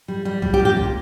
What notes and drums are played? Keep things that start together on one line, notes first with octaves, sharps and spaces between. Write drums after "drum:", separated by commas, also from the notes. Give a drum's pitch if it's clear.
G3
G3
G3, drum: kick
G4
A#2
G4
A#2, drum: kick